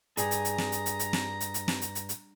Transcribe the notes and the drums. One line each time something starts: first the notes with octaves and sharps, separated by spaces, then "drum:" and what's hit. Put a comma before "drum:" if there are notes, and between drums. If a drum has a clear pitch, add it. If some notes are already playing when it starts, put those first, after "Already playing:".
G2 G#4 A#5, drum: hi-hat
drum: hi-hat
drum: hi-hat
drum: snare
drum: hi-hat
drum: hi-hat
drum: hi-hat
drum: snare
drum: hi-hat
drum: hi-hat
drum: snare
drum: hi-hat
drum: hi-hat
drum: hi-hat